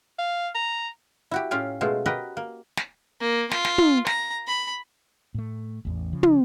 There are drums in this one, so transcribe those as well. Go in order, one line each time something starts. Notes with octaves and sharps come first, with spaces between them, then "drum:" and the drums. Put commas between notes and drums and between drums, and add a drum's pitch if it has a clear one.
F5
A#5
E4 F#4 G4
A2 C#4 F4 G4 F5 G#5
B2 G#3 A3 F4
F#4 G4 A#4 B4 D#5
A#3
drum: snare
A#3
F4, drum: snare
drum: snare
drum: tom
A#5, drum: snare
B5
A2 A3
A1 E2
C#3 F3
drum: tom